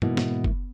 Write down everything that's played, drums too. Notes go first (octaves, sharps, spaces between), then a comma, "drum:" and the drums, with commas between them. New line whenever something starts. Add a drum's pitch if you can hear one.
G#2 B2 E3 A#3 E4, drum: tom G2
drum: snare
drum: kick F#1